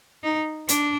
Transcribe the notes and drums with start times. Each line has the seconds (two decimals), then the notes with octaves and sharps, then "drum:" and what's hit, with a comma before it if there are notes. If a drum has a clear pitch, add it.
0.24 D#4
0.69 D4, drum: hi-hat